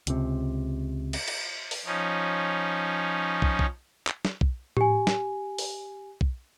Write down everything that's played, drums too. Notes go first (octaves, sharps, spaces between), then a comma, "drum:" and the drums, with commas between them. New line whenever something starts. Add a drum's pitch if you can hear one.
C#2 C3, drum: hi-hat
drum: cymbal
drum: cymbal
drum: open hi-hat
F3 C#4 D#4
drum: kick
drum: kick
drum: clap
drum: snare
drum: kick
G4 G#5, drum: tom A2
drum: snare
drum: open hi-hat
drum: kick